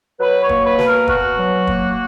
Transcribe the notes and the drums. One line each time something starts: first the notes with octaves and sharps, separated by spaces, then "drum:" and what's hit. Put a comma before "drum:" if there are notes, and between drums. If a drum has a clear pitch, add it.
F#3 B4
C#5
A#3, drum: kick
B4
B2, drum: snare
A#4
B2 F#4, drum: kick
F#3
A#3, drum: kick